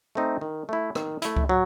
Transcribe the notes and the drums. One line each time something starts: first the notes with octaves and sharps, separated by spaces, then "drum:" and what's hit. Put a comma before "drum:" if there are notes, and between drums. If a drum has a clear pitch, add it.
A3 C4 D#4
D#3
A3 E4
D#3, drum: rim click
A3 E4, drum: hi-hat
drum: kick C#2
F#3